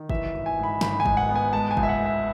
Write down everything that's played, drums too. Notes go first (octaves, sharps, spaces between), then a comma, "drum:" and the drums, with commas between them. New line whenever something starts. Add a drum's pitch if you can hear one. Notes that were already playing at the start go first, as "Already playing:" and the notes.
Already playing: D#3
E3 E5, drum: kick
G#1
G#5
G#2
B5
G#1 B5, drum: snare
G#5
G#2, drum: kick
F#5
B3
G#5
G#3 A5
G#5
C#2, drum: kick
E5
F#5
G#3
E5